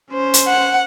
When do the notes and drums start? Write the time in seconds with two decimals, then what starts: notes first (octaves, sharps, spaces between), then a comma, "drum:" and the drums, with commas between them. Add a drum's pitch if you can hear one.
0.11 C#4 C5
0.34 drum: hi-hat
0.48 F#5